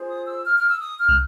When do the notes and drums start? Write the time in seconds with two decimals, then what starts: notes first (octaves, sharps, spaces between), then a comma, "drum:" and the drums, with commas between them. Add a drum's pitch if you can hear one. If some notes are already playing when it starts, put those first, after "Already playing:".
Already playing: F4 G#4 C5
0.08 D#6
0.27 E6
0.45 F6
0.58 F6
0.70 E6
0.81 D#6
0.99 F6
1.09 F#6, drum: kick